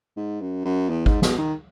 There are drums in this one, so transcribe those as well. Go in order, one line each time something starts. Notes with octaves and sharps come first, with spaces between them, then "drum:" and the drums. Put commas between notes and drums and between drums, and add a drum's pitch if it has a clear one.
G#2
F#2
F#2
E2
G#2, drum: kick G#1
B2, drum: snare
D#3